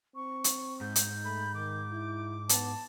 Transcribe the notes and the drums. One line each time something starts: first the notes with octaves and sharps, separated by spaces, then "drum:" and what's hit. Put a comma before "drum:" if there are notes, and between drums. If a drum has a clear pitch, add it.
C4 C#6
drum: hi-hat
G#2 G6
drum: hi-hat
A3 B5
D#3 D6
E4
B3 A5, drum: hi-hat